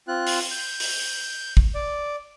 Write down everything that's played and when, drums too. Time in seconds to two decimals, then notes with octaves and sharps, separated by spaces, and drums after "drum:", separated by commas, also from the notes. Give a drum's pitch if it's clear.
0.08 C4 F4 F#6
0.27 drum: open hi-hat
0.51 G6
0.80 drum: open hi-hat
1.57 drum: kick
1.75 D5